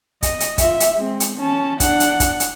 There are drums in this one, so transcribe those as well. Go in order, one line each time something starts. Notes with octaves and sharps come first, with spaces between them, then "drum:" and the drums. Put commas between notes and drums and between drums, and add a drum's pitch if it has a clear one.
D#5, drum: kick, hi-hat
drum: hi-hat
F4 E5, drum: kick, hi-hat
drum: hi-hat
G#3 C4
drum: hi-hat
C#4 A5
D4 F#5, drum: kick, hi-hat
drum: hi-hat
drum: kick, hi-hat
drum: hi-hat